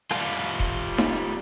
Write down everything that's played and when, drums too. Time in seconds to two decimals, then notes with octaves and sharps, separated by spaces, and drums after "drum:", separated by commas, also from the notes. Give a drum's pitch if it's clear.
0.11 G3 F4, drum: rim click
0.59 drum: kick E1
0.98 drum: snare D#4